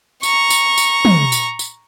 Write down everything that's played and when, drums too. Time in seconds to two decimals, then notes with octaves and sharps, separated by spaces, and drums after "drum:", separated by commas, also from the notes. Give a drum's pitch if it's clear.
0.23 A#5 C#6, drum: tambourine
0.50 drum: tambourine
0.78 drum: tambourine
1.05 drum: tom
1.32 drum: tambourine
1.59 drum: tambourine